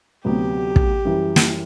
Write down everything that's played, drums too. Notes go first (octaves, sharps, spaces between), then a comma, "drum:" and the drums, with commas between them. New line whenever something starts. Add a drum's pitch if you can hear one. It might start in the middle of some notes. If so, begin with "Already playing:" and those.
D2 C3 F#3 B3 G4
drum: kick
F#2 E3 G3
drum: snare